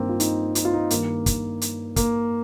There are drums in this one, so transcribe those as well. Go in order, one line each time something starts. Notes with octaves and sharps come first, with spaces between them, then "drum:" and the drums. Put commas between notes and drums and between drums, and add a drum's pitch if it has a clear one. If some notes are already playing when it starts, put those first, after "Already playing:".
Already playing: G2 D#3 A#3 C4
F4
D#4, drum: hi-hat
D#4, drum: hi-hat
F4
D#4
G2 D#3 A#3, drum: hi-hat
drum: kick, hi-hat
drum: hi-hat
A#3, drum: kick, hi-hat